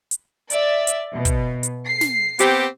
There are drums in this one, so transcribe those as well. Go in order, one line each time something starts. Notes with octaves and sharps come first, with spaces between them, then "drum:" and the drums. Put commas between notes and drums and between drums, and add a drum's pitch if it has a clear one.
drum: hi-hat
D5 E5, drum: hi-hat
drum: hi-hat
B2
drum: kick, hi-hat
drum: hi-hat
C7
drum: snare
B3 C4 G4, drum: hi-hat